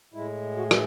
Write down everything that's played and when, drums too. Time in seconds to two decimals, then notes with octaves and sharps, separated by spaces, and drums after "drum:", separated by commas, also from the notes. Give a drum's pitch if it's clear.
0.14 A2 G#3 E4
0.57 F#4
0.71 drum: rim click